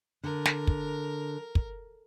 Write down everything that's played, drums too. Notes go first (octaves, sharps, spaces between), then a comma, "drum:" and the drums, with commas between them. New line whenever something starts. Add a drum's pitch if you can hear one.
D3 A#4
drum: snare
drum: kick
drum: kick